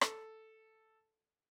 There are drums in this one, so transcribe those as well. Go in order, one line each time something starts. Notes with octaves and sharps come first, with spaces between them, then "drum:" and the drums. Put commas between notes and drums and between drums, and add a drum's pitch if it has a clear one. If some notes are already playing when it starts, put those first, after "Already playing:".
A4, drum: rim click